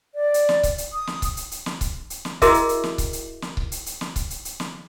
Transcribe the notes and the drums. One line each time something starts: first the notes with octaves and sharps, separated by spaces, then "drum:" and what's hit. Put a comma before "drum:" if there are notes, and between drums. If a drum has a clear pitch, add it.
D5
drum: hi-hat
drum: snare
drum: kick C#1, hi-hat
drum: hi-hat
D#6
drum: snare
drum: kick C#1, hi-hat
drum: hi-hat
drum: hi-hat
drum: snare
drum: kick C#1, hi-hat
drum: hi-hat
drum: snare
E4 F#4 G#4 A#4 D#5 E5, drum: kick C#1, hi-hat
drum: hi-hat
drum: hi-hat
drum: snare
drum: kick C#1, hi-hat
drum: hi-hat
drum: snare
drum: kick C#1
drum: hi-hat
drum: hi-hat
drum: snare
drum: kick C#1, hi-hat
drum: hi-hat
drum: hi-hat
drum: snare